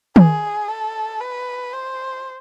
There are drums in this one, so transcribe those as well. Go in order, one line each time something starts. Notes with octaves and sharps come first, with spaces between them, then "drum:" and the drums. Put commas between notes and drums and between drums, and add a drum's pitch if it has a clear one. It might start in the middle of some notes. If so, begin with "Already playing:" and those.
G#4, drum: tom D#3
A4
B4
C5